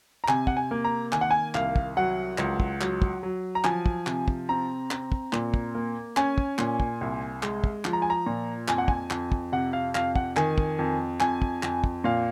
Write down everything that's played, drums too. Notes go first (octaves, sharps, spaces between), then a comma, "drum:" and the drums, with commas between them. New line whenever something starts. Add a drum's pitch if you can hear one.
A#5
C3 G#5, drum: clap
F#5, drum: kick
G#5
A#3
A#5
D#3 G#5, drum: clap
F#5
G#5
C2 F5, drum: clap
drum: kick
F#3 F#5
C#2, drum: clap
drum: kick
F#3, drum: clap
drum: kick
F#3
A#5
F3 G#5, drum: clap
drum: kick
C3, drum: clap
drum: kick
C4 A#5
C4, drum: clap
drum: kick
A#2, drum: clap
drum: kick
A#3
C#4 G#5, drum: clap
drum: kick
A#2, drum: clap
drum: kick
C2
G#3, drum: clap
drum: kick
F3, drum: clap
A#5
G#5
A#5
A#2
F2 G#5, drum: clap
F#5
G#5, drum: kick
F2, drum: clap
drum: kick
C3 F#5
F5
F2 F5, drum: clap
F#5, drum: kick
D#3 G#5, drum: clap
drum: kick
F2
F2 G#5, drum: clap
drum: kick
F2, drum: clap
drum: kick
A#2 F5